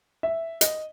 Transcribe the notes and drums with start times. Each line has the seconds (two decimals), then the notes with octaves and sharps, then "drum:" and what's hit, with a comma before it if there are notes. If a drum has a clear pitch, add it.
0.23 E5
0.61 D#5, drum: hi-hat